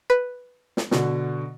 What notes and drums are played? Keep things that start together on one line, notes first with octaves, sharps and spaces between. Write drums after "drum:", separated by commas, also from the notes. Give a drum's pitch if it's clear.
B4
drum: snare
B2 D3 F#4, drum: snare